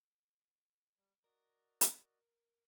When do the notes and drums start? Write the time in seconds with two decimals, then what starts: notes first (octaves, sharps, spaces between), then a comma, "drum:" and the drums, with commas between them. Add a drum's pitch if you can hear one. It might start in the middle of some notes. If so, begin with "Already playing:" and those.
0.95 G3
1.24 F#4 A#4 D5 D#5
1.81 drum: hi-hat